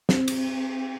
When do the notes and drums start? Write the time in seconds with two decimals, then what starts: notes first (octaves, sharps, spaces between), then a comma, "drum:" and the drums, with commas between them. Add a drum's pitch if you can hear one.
0.09 C4, drum: snare
0.28 drum: cymbal